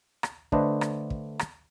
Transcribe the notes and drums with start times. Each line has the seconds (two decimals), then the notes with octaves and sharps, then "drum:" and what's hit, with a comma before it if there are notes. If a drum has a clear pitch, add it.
0.23 drum: rim click
0.52 D3 A3 D4 B4 C5 D#5, drum: kick
0.81 drum: rim click
1.10 drum: kick
1.39 drum: rim click